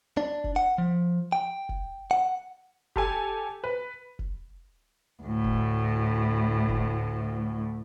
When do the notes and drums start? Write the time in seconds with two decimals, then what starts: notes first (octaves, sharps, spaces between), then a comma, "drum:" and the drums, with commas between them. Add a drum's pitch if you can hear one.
0.17 D4
0.44 drum: kick
0.56 F#5
0.78 F3
1.32 G5
1.69 drum: kick
2.11 F#5
2.96 G4 A4 G#5, drum: kick
3.64 B4
4.19 drum: kick
5.23 D2 A2
5.44 drum: kick
6.69 drum: kick